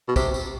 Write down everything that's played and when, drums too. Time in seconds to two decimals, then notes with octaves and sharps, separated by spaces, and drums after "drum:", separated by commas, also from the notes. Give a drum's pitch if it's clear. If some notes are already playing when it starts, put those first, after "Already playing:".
0.08 B2
0.16 C3, drum: kick, tambourine
0.34 drum: tambourine